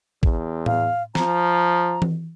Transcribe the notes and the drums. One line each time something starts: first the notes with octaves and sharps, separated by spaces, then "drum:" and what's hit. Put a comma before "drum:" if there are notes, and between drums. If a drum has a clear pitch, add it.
E2, drum: kick A1
F5, drum: tom A2
F3 A#5, drum: snare
drum: tom E3